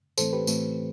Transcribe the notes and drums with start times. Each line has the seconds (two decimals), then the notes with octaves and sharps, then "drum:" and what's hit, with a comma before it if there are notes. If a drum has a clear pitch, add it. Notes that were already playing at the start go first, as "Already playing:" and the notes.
0.18 A2 E3 A3 C4 A4 C5, drum: tambourine
0.33 G4 B4
0.47 A2 E3 A3 C4, drum: tambourine